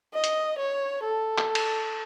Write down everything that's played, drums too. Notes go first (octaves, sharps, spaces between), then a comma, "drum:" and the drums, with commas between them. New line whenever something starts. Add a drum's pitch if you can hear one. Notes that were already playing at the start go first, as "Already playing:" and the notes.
D#5
drum: hi-hat
C#5
A4
drum: clap
drum: cymbal